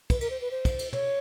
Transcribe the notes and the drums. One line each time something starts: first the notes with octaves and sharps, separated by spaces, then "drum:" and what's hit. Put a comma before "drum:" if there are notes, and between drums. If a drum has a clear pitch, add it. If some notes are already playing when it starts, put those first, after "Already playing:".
B4, drum: kick, cymbal
A#4, drum: cymbal
C5
B4
C5
drum: kick, cymbal
drum: cymbal
C#5, drum: tom